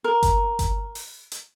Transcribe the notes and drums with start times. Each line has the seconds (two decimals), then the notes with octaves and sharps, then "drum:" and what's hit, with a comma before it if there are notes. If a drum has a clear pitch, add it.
0.04 A#4
0.23 drum: kick G1, hi-hat
0.59 drum: kick G1, hi-hat
0.95 drum: open hi-hat
1.32 drum: hi-hat